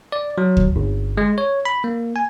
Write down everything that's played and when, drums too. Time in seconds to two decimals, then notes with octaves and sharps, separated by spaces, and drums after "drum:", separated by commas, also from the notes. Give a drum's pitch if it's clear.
0.12 D5
0.38 F#3
0.57 drum: kick
0.76 G1
1.17 G#3
1.38 C#5
1.65 B5
1.84 A#3
2.16 G#5